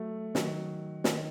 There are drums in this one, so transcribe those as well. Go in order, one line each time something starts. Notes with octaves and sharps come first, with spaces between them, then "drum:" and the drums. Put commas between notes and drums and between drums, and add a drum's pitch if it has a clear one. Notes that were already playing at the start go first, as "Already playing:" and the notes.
Already playing: F#3 A3
D#3 F#3, drum: snare
D#3, drum: snare